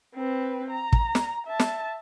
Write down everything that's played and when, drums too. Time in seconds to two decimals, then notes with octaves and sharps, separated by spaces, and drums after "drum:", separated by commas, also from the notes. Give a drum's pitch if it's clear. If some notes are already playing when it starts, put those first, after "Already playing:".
0.15 C4 B4
0.70 A#5
0.93 drum: kick
1.15 drum: snare
1.47 E5 A5
1.59 drum: snare